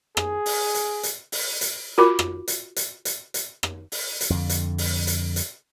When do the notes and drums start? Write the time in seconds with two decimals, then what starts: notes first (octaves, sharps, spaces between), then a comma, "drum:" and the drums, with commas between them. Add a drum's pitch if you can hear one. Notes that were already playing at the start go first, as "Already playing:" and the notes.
0.17 G#4, drum: rim click
0.46 drum: open hi-hat
0.75 drum: hi-hat
1.03 drum: hi-hat
1.32 drum: open hi-hat
1.61 drum: hi-hat
1.98 F4 F#4 A#4 B5 D6
2.19 drum: rim click
2.48 drum: hi-hat
2.76 drum: hi-hat
3.05 drum: hi-hat
3.34 drum: hi-hat
3.63 drum: rim click
3.92 drum: open hi-hat
4.21 drum: hi-hat
4.30 F2 D3
4.49 drum: hi-hat
4.78 drum: open hi-hat
5.07 drum: hi-hat
5.36 drum: hi-hat